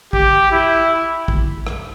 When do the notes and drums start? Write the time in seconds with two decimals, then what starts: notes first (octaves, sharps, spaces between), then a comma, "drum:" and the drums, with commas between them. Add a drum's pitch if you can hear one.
0.13 G4, drum: kick
0.52 E4
1.28 drum: kick
1.67 drum: rim click